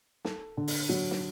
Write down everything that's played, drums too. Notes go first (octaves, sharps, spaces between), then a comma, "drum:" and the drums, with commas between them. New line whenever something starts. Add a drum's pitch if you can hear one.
A4, drum: snare
D3
drum: open hi-hat
F#3
drum: snare